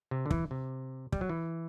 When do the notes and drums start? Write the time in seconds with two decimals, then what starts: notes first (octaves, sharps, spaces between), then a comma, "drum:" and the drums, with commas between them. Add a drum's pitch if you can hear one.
0.11 C3
0.26 D3
0.31 E3, drum: kick
0.51 C3
1.12 G3, drum: kick
1.21 F#3
1.29 E3